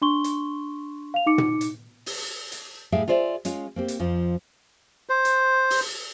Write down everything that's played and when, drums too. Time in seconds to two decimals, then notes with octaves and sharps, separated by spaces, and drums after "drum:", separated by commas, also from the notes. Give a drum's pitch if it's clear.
0.02 D4 C6 C#6 G7
0.24 drum: hi-hat
1.14 F5 F7
1.26 D#4 D6 C#7
1.38 drum: tom
1.61 drum: hi-hat
2.06 drum: open hi-hat
2.52 drum: hi-hat
2.92 A2 G3 G#4 E5 F5 G5
3.08 F4 G#4 C5 D5 E5
3.45 G#3 C#4 F4, drum: hi-hat
3.76 A#3 C4 G4
3.88 drum: hi-hat
4.00 F2 F3 F4
5.09 C5
5.25 drum: hi-hat
5.70 drum: open hi-hat